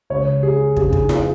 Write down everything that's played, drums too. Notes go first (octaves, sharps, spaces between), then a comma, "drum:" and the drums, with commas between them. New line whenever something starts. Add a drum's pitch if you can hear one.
C#2 C#3 C#5
G#4
F2 C#3 G#4, drum: kick
D#4, drum: kick
F4, drum: snare E4